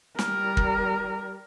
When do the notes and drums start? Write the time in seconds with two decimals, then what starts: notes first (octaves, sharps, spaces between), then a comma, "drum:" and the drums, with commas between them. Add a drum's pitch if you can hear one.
0.19 G3 A#4, drum: snare
0.57 drum: kick